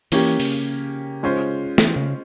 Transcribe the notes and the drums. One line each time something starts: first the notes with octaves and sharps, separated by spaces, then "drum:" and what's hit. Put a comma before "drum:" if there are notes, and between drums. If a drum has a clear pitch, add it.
E3 A#3 C#4 G4, drum: open hi-hat
C#3, drum: open hi-hat
G#3 C#4 F4 C5
E3, drum: snare
C#3